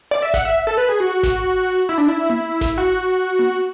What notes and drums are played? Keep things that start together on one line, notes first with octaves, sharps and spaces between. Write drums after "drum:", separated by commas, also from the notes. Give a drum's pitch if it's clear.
D5
E5
F#5, drum: snare G#1
E5
A4
B4
G#4
F#4
drum: snare G#1
E4
D4
E4
drum: tom A#3
drum: snare G#1
F#4
drum: tom A#3